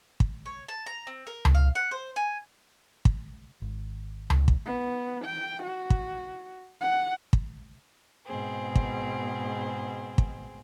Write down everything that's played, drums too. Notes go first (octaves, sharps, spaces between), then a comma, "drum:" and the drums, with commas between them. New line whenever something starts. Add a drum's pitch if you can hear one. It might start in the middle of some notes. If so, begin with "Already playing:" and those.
drum: kick
C#5
A5
A#5
C4
A#4
drum: tom C#2
F5
F#5
C5
G#5
drum: kick
G#1
drum: tom C#2
drum: kick
B3
G5
F#4
drum: kick
F#5
drum: kick
G#2 B2 C4 G#4
drum: kick
drum: kick